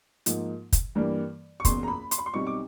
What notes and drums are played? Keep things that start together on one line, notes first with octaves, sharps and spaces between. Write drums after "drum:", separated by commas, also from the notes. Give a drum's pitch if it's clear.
G#2 F3 A#3 D#4, drum: hi-hat
drum: kick, hi-hat
G2 E3 G3 A#3
C#6
F#1 E2 B2 C6, drum: kick, hi-hat
A#5
B5
C6, drum: hi-hat
B5
C6
B1 B2 G3 C4 D#4 C#6
D6